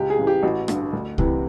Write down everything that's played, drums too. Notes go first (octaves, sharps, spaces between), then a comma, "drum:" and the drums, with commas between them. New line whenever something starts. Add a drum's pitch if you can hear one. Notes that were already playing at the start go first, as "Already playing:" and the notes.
Already playing: C#2 G4
G#4
C#3 E3
G4
A1 F#4
G2 D3, drum: rim click
D2
C3 E3, drum: kick C2